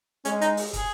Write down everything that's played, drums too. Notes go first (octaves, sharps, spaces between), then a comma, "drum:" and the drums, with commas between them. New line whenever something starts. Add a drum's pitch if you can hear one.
G#3 C#4, drum: hi-hat
D#4, drum: hi-hat
drum: open hi-hat
G#4, drum: kick, hi-hat